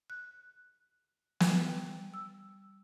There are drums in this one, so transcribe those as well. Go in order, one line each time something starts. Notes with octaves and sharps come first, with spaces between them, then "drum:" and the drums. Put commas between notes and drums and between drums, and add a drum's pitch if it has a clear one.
F#6
drum: snare
G3
E6